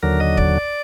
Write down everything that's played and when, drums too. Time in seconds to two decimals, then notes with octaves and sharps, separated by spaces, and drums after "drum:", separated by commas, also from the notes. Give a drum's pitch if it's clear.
0.03 D#2 D3 F#3 A#4
0.20 D#5
0.37 D5, drum: kick